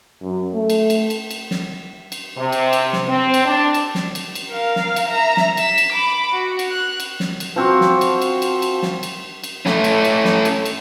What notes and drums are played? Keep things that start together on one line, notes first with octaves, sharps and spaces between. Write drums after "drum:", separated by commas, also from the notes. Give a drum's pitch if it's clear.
F#2
A3
drum: cymbal
drum: cymbal
drum: cymbal
drum: cymbal
drum: snare
drum: cymbal
C3
drum: cymbal
drum: cymbal
drum: snare
C4
drum: cymbal
D4
drum: cymbal
drum: snare
drum: cymbal
drum: cymbal
A#4 F5
drum: snare
drum: cymbal
E5 A#5
drum: snare
B6 E7, drum: cymbal
drum: cymbal
B5 D6
F#4
drum: cymbal
F#6
drum: cymbal
drum: snare
drum: cymbal
F3 C4 F#4
drum: snare
drum: cymbal
drum: cymbal
drum: cymbal
drum: cymbal
drum: snare
drum: cymbal
drum: cymbal
A3 C#4, drum: snare
drum: cymbal
drum: cymbal
drum: snare
drum: cymbal
drum: cymbal